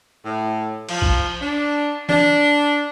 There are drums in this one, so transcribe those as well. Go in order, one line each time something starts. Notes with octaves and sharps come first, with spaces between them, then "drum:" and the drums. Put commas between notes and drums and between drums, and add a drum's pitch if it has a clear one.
A2
F3, drum: cymbal
drum: kick A#1
D4
D4, drum: snare